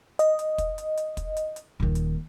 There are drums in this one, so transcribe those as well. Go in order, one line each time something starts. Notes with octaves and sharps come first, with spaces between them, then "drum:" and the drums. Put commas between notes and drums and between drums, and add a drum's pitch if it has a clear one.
D#5, drum: hi-hat
drum: hi-hat
drum: kick, hi-hat
drum: hi-hat
drum: hi-hat
drum: kick, hi-hat
drum: hi-hat
drum: hi-hat
D#1 D#3
drum: hi-hat